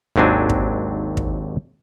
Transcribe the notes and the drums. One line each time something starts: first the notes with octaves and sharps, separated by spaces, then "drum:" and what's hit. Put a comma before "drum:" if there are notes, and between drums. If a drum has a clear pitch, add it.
G#1 D#2 F#3 C4 D4 G#5
drum: kick
drum: kick